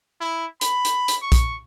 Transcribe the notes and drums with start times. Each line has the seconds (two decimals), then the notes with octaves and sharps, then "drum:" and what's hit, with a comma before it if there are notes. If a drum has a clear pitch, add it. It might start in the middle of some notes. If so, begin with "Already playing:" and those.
0.21 E4
0.61 B5, drum: hi-hat
0.85 drum: hi-hat
1.08 drum: hi-hat
1.22 C#6
1.32 drum: kick, hi-hat